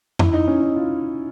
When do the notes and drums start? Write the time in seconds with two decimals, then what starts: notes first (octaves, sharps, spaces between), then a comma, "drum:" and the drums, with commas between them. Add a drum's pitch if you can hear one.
0.19 E4, drum: tom F2
0.33 D#4
0.48 C#4
0.62 D#4
0.76 F4